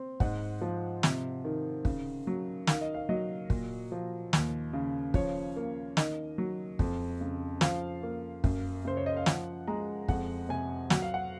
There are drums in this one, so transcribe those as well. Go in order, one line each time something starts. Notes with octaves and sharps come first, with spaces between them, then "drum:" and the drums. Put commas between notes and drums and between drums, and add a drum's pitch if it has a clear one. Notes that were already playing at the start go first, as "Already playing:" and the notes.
Already playing: C4
G#2 F#5, drum: kick
F3
C3, drum: snare
D#3
C#3, drum: kick
F#3
D#3 F5, drum: snare
D#5
F5
F#3 D#5
A#2, drum: kick
F3
D#2, drum: snare
C#3
F3 C#5, drum: kick
A#3
D#3 D#5, drum: snare
F#3
F2, drum: kick
C#3
F3 F5, drum: snare
A#3
F#2, drum: kick
C#3 C5
C#5
D#5
F5
F3 F#5, drum: snare
G#3 A#5
F2 F#5, drum: kick
C3 G#5
F#3 F#5, drum: snare
F5
F#5